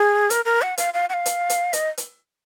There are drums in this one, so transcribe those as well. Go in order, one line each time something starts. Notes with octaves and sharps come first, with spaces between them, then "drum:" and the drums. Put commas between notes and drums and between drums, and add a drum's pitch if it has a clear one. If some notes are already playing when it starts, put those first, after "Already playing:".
Already playing: G#4
A#4, drum: hi-hat
A#4
F#5
F5, drum: hi-hat
F5
F#5
F5
drum: hi-hat
drum: hi-hat
D#5, drum: hi-hat
drum: hi-hat